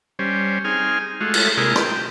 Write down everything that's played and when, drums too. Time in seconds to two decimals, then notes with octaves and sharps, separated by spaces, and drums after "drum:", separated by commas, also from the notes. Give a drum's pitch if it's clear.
0.19 G3 C#4 C5
0.65 C4 D#4 G#4 G#5 F6
1.21 G#3 A3 F4 F#4
1.34 drum: cymbal
1.57 C3 G#3 A#3 E4 G#4 A#4
1.76 G5, drum: rim click